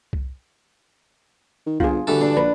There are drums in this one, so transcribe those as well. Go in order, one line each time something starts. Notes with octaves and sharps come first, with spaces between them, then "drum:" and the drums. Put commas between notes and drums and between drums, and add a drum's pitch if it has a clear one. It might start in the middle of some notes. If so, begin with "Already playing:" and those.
drum: kick C2
D#3
G1 F4 G#4, drum: kick C2
D2 G2 E3 A4
D4
A#1 B4